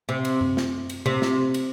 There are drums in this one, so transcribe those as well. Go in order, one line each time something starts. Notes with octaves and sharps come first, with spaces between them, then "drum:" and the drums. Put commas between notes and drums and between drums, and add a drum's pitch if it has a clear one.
C3
drum: cymbal
drum: tom F#2
drum: snare
drum: cymbal
C3, drum: tom C3
drum: snare
drum: cymbal